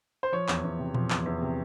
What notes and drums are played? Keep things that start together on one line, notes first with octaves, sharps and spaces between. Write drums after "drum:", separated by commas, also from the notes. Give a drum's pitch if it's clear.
C5
F3 C#5
E2, drum: clap
E2
C3
F3, drum: tom A#2
E2, drum: clap
E2
C3